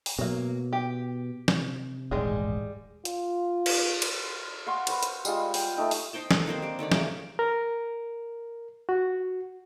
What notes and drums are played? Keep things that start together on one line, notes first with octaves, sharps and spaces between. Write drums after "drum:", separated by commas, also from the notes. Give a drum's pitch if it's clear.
drum: open hi-hat
B2 F#3 A#3
G4
C3, drum: snare
D#1 A1 G#2 G3 G#3 G#4
F4, drum: hi-hat
drum: cymbal
drum: cymbal
F5 F#5 C6 C#6
B4 C5 C#6, drum: cymbal
drum: hi-hat
G3 G#3 F4, drum: tambourine
G5, drum: open hi-hat
A3 D#4 G5
drum: open hi-hat
D#4 C5 G5 A5
A4 B4 D#5 A#5, drum: snare
D#3 A#3 C4 C5
D4 G4
D3 D#3 C#5 D5
C#3 A3 G4 D6, drum: snare
A#4
F#4